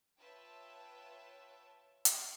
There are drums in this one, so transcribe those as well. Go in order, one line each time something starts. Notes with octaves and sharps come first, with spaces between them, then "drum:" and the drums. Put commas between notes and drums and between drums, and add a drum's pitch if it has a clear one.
F4 B4 C#5 E5 G5 A5
drum: hi-hat